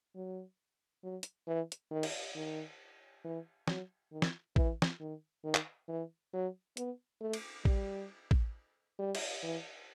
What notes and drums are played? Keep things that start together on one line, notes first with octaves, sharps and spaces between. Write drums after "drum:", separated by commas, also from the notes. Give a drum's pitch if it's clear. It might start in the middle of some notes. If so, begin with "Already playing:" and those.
F#3
F#3
drum: hi-hat
E3
drum: hi-hat
D#3
drum: cymbal
D#3
E3
F#3, drum: snare
D#3
drum: snare
E3, drum: kick A1
drum: snare
D#3
D#3
drum: clap
E3
F#3
B3, drum: hi-hat
A3
drum: cymbal
G3, drum: kick A1
drum: kick A1
G3
drum: cymbal
E3